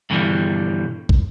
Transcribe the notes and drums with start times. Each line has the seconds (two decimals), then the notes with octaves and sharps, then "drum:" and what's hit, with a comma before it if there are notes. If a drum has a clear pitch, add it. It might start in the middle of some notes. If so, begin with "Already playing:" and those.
0.10 G2 B2 D3 E3 F3 G3
1.09 drum: kick